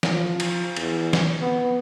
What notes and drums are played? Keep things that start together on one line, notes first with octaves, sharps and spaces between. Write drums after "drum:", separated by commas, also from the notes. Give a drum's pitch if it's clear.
drum: snare
F3
drum: cymbal
E2, drum: cymbal
drum: snare
B3